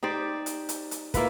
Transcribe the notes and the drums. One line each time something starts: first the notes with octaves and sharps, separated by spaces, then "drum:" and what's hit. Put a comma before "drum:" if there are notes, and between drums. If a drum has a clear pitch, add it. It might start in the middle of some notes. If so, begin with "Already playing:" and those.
D#4 G4 C5 D5
drum: hi-hat
drum: hi-hat
drum: hi-hat
A#3 E4 F4 B4, drum: kick, hi-hat